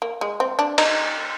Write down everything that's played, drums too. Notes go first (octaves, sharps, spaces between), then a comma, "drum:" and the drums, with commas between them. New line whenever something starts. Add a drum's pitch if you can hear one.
A#3
G#3
C4
D4
D#4, drum: cymbal